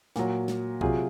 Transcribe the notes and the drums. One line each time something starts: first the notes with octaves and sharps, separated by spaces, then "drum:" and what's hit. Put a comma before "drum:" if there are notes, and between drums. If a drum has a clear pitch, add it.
A#2 F#3, drum: snare
drum: snare
C3 F#3 F4 G#4, drum: kick A#1